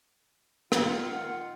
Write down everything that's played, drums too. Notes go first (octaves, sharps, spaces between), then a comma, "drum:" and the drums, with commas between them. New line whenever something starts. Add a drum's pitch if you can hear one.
D#3 F4 F#5, drum: rim click